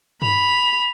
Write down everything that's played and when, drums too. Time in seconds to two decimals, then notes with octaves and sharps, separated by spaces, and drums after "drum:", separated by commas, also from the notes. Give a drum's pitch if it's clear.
0.22 B5 F7, drum: tom G2